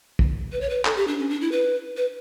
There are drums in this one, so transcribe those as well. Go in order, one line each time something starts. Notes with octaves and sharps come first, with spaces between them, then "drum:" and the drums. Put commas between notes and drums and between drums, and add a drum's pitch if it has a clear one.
drum: kick
B4
C#5
B4
A4, drum: clap
G4
D4
C#4
D4
E4
B4
B4